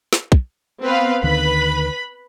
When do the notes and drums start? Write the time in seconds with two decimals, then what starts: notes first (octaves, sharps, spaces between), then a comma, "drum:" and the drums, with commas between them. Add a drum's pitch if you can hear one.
0.13 drum: snare
0.32 drum: kick
0.84 B3 C4 B4 F5
1.23 D2 D3 D#3 B4 B5